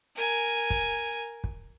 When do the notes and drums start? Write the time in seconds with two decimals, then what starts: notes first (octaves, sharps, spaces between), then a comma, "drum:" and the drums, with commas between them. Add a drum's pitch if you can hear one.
0.15 A#4 G#5
0.70 drum: kick
1.44 drum: kick